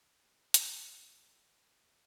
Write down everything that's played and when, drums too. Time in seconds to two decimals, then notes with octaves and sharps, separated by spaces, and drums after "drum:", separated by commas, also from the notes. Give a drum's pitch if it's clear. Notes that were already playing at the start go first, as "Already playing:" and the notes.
0.02 D4
0.30 B4
0.54 B4, drum: hi-hat
0.79 C#3
1.26 F#3
1.39 A#5
1.60 D#4
1.88 D5